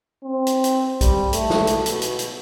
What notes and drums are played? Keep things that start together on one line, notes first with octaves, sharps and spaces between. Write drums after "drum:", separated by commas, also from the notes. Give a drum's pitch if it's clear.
C4
drum: hi-hat
drum: hi-hat
G3, drum: kick B1, hi-hat
A3, drum: hi-hat
drum: snare
drum: hi-hat
B2, drum: hi-hat
drum: hi-hat
drum: hi-hat